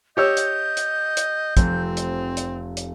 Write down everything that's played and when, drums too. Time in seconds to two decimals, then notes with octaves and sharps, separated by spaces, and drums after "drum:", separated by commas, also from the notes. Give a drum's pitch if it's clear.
0.17 G4 C#5 D#5 E6 G6
0.37 drum: hi-hat
0.77 drum: hi-hat
1.17 drum: hi-hat
1.57 F1 C4, drum: kick, hi-hat
1.97 drum: hi-hat
2.37 drum: hi-hat
2.77 drum: hi-hat